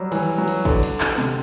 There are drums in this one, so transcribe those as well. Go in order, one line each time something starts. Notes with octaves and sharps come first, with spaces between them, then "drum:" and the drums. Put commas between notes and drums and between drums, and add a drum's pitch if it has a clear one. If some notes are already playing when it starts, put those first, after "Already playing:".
Already playing: F#3 G3
E3, drum: cymbal
F#3
drum: cymbal
D3, drum: kick, cymbal
drum: cymbal
drum: clap
C3, drum: cymbal